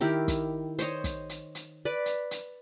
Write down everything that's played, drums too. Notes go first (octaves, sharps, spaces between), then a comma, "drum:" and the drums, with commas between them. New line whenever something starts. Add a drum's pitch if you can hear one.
D#3 E4 G4 A#4
drum: kick, hi-hat
C5 C#5 D#5, drum: hi-hat
drum: kick, hi-hat
drum: hi-hat
drum: hi-hat
B4 D5
drum: hi-hat
drum: hi-hat